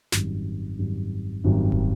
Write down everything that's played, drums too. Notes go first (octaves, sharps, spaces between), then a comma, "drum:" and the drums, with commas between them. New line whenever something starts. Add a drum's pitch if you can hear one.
G#1 F#2 D#3 G3, drum: snare
G#1 F#2 D#3 G3
G#1 F#2 D#3 G3
drum: kick